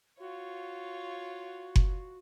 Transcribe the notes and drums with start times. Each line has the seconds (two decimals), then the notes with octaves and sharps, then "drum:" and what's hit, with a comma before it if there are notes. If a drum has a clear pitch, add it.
0.20 F4 F#4 C#5
1.76 drum: kick F#1